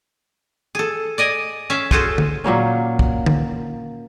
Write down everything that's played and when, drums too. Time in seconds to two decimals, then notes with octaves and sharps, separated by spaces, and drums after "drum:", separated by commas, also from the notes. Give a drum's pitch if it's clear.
0.75 G#4 A4
1.18 D5 D#5 G#5
1.70 C#4 E5 F5
1.91 F4 F#4 G#4 A4 C5, drum: kick
2.18 drum: tom D3
2.44 A#2 F#3 A#3 C#4
2.99 drum: kick
3.26 drum: tom D3